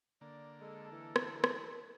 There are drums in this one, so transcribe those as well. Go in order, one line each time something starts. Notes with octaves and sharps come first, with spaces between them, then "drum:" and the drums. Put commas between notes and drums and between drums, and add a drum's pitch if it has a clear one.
D3 A#3 D5
G#3 A4
E3
drum: rim click
drum: rim click